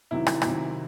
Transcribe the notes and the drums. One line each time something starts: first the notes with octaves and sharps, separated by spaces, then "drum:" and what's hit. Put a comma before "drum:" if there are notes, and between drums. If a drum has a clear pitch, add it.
C3 D#3 F#3 E4
drum: rim click
C3 D#3 F#3, drum: rim click